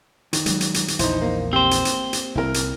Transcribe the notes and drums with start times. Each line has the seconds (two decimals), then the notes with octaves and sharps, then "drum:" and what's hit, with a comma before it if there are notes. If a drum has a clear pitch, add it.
0.33 D#3, drum: hi-hat
0.46 F#3 G#3, drum: hi-hat
0.61 drum: hi-hat
0.74 drum: hi-hat
0.88 drum: hi-hat
0.99 A#1 E2 D#4 E4 C5, drum: hi-hat
1.22 A#3
1.53 C4 G4 C5
1.71 drum: hi-hat
1.85 drum: hi-hat
2.13 drum: hi-hat
2.35 C2 G3 C4 E4 A#4
2.54 drum: hi-hat